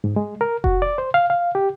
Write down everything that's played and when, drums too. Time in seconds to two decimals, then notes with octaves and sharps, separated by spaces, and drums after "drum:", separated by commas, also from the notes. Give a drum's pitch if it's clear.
0.04 G#2
0.16 G#3
0.41 A#4
0.64 F#4, drum: kick F1
0.82 D5
0.98 C5
1.14 F5
1.30 F5
1.55 G4